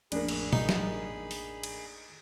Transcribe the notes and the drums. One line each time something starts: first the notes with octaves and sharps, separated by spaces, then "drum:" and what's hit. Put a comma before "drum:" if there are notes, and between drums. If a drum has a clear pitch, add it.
A1 F2 A2 A#3 D4 G#4 B5, drum: cymbal
drum: cymbal
D#4, drum: tom B2
drum: snare
drum: open hi-hat
drum: cymbal